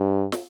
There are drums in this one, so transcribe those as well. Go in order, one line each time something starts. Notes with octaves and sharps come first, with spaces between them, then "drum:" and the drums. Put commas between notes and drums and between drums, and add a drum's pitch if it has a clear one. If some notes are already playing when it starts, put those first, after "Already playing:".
Already playing: G2
drum: snare